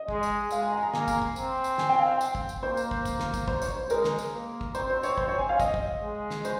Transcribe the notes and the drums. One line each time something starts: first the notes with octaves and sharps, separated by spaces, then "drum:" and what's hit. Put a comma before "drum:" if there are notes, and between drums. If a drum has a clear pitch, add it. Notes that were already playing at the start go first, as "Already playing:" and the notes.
Already playing: D#5
G#3, drum: kick
drum: tambourine
G#3 F5, drum: tambourine
G#5
A#5
A#5
A#3 G#5, drum: snare
drum: kick, tambourine
drum: kick
C4, drum: tambourine
drum: tambourine
G#5, drum: snare
G5
F5
G5
drum: tambourine
drum: kick
drum: tambourine
A#3 C5
drum: tambourine
drum: kick
drum: kick, tambourine
drum: snare
drum: kick, tambourine
C5, drum: kick
C#5, drum: tambourine
C5
G#3 A#4, drum: tambourine
drum: snare
drum: tambourine
A#3
drum: kick
C4 C5, drum: tambourine
C5
C#5, drum: tambourine
C5, drum: kick
C#5
G#5
F5
D#5, drum: kick, tambourine
drum: kick
G#3
drum: snare
C5, drum: tambourine